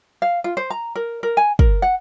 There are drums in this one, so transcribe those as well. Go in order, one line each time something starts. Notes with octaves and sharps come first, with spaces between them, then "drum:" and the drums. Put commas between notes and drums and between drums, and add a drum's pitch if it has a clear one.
F5
F4
C5
A#5
A#4
A#4
G#5
A#4, drum: kick
F#5